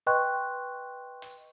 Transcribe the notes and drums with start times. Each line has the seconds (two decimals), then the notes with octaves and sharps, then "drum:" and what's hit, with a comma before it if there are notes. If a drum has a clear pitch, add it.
0.07 B4 D#5 G5 C6 C#6 F#6
1.22 drum: open hi-hat